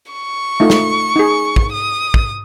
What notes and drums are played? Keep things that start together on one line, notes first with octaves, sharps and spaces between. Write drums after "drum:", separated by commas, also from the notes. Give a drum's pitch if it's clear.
C#6
A3 D#4 F4
drum: snare
D#4 G#4
drum: kick
D#6
drum: kick